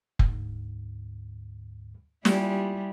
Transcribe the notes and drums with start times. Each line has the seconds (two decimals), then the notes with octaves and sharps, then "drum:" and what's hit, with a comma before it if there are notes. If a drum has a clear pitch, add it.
0.19 D2 G#2, drum: kick F1
2.25 G3 G#3 A#3 E4 F4 G4, drum: snare